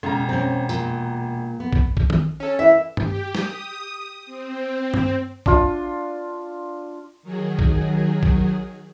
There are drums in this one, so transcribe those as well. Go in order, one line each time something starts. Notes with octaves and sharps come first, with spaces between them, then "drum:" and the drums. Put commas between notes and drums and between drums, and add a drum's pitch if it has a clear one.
E1 C#3 A#5
C4 C#4
A#2, drum: tambourine
B3
drum: kick
drum: kick
drum: tom D#3
C#4 A4
E3 E5
G4, drum: tom G2
D#6, drum: snare
C4
drum: tom G2
D4 F4, drum: kick
D#3 F#3 G#4
drum: kick
drum: kick